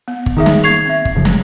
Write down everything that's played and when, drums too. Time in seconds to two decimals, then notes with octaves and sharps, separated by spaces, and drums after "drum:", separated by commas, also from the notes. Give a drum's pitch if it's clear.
0.08 B3
0.26 drum: kick
0.37 D#3 D#4 G#4 E5
0.46 drum: snare
0.64 A#3 C#6 G#6 C7 F7
0.86 C4 E5
1.05 drum: kick
1.15 F#1 C#3 F3
1.25 drum: snare